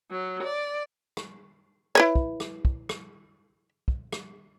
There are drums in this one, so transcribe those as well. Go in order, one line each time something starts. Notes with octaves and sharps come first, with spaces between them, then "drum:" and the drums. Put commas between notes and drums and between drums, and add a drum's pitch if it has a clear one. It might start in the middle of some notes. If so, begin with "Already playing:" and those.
F#3
D5
drum: rim click
E4 B4 C#5
drum: kick
drum: rim click
drum: kick
drum: rim click
drum: kick
drum: rim click